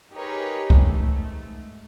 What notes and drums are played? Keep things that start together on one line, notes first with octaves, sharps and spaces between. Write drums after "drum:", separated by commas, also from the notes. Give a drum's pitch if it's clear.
D#4 G4 G#4 A#4 B4 C#5
drum: kick
G#2 A3